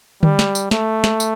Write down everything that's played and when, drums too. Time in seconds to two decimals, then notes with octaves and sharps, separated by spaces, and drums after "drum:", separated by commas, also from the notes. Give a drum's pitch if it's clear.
0.23 G3, drum: tom D3
0.39 drum: snare
0.55 drum: tambourine
0.71 A3, drum: snare
1.04 drum: snare
1.20 drum: tambourine